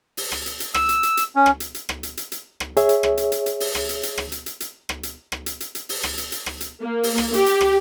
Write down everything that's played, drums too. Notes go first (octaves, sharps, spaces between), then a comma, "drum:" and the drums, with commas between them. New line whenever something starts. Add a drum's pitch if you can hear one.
drum: open hi-hat
drum: rim click
drum: hi-hat
drum: hi-hat
E6, drum: rim click
drum: hi-hat
drum: hi-hat
drum: hi-hat
C#4
drum: rim click
drum: hi-hat
drum: hi-hat
drum: rim click
drum: hi-hat
drum: hi-hat
drum: hi-hat
drum: rim click
G#4 C#5 E5, drum: hi-hat
drum: hi-hat
drum: rim click
drum: hi-hat
drum: hi-hat
drum: hi-hat
drum: open hi-hat
drum: rim click
drum: hi-hat
drum: hi-hat
drum: rim click
drum: hi-hat
drum: hi-hat
drum: hi-hat
drum: rim click
drum: hi-hat
drum: rim click
drum: hi-hat
drum: hi-hat
drum: hi-hat
drum: open hi-hat
drum: rim click
drum: hi-hat
drum: hi-hat
drum: rim click
drum: hi-hat
A#3
drum: open hi-hat
drum: rim click
G4, drum: hi-hat
drum: hi-hat
drum: rim click